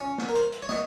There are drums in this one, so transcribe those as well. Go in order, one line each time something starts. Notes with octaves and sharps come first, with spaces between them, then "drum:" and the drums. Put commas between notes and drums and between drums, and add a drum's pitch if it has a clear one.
C#4
drum: snare
A#4
C5, drum: hi-hat
drum: hi-hat
C#5
D#5, drum: snare